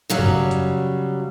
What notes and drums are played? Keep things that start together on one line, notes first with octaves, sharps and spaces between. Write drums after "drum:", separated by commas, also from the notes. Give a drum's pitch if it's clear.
C#3 F#3 G3
drum: tom F#2
drum: hi-hat